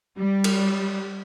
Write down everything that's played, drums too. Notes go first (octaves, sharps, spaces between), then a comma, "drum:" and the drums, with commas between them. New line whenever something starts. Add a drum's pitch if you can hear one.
G3
drum: cymbal